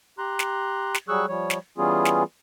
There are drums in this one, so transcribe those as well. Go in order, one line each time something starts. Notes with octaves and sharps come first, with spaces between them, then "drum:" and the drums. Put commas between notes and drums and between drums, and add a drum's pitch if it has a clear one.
G4 A#5 C6 F#6
drum: snare
drum: snare
F#3 G3 G#4 C#6 E6 F#6
F3 G3 C#5
drum: snare
E3 G3 B3 C#4 F4 G#4
drum: snare